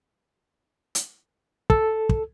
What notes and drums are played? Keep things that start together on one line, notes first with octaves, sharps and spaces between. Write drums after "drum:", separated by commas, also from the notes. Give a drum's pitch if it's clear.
drum: hi-hat
A4, drum: kick
drum: kick